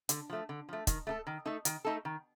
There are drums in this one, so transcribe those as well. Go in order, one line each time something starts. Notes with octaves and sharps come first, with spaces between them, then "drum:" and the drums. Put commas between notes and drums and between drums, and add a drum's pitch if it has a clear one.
D3, drum: hi-hat
F3 A3
D3
F3 A3
D#3, drum: kick, hi-hat
A3 D#4 A4
D#3
A3 D#4 A4
D#3, drum: hi-hat
A3 D#4 A4
D#3